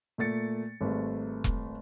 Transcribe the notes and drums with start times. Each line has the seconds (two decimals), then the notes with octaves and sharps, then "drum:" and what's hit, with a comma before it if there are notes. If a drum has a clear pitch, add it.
0.18 A#2 A3 A6 C#7
0.81 G#1 G3 A3 B4
1.44 drum: kick E1